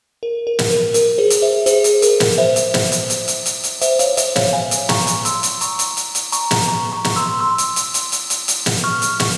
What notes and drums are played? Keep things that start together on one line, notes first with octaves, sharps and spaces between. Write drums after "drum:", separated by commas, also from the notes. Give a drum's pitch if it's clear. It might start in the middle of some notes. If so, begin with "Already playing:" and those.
A#4
A#4
drum: snare
A#4
A#4, drum: hi-hat
G#4 C5
drum: hi-hat
C5 E5
G#4 C5, drum: hi-hat
drum: hi-hat
A#4, drum: hi-hat
drum: snare
C5 E5
drum: hi-hat
drum: snare
drum: hi-hat
drum: hi-hat
drum: hi-hat
drum: hi-hat
drum: hi-hat
C5 E5, drum: hi-hat
C#5 F5, drum: hi-hat
C5 E5, drum: hi-hat
C#5 F5, drum: snare
F5 G#5
drum: hi-hat
A#5 C#6, drum: snare
drum: hi-hat
C6 E6, drum: hi-hat
drum: hi-hat
A#5 C#6, drum: hi-hat
drum: hi-hat
drum: hi-hat
drum: hi-hat
A#5 C#6, drum: hi-hat
drum: snare
A#5 C#6
A#5 C#6
drum: snare
C6 E6
C6 E6
drum: hi-hat
drum: hi-hat
drum: hi-hat
drum: hi-hat
drum: hi-hat
drum: hi-hat
drum: snare
C#6 F6
drum: hi-hat
C#6 F6, drum: snare